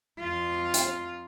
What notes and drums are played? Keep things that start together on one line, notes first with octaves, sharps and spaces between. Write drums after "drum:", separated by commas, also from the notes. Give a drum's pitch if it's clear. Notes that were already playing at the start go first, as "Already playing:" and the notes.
F2 F4
drum: hi-hat